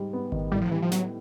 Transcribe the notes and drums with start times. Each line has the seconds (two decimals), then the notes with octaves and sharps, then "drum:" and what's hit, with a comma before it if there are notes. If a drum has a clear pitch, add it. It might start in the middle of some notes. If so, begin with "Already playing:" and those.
Already playing: G#2 G3
0.13 B3
0.32 D#3, drum: kick G#1
0.52 A2 G3
0.61 F3
0.71 E3 G3
0.82 F3
0.92 F#3 B3, drum: snare